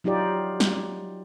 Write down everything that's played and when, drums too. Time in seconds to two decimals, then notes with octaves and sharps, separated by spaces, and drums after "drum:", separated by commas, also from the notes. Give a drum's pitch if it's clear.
0.04 F#3 D#4 F4 G4 D5
0.60 drum: snare